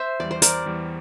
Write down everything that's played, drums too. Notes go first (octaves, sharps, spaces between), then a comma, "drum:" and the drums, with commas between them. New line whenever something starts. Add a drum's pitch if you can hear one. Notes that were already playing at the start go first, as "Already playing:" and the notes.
Already playing: C5 E5
E2 E3 G3 D5
C5
A#4 D5, drum: hi-hat
E2 E3 G3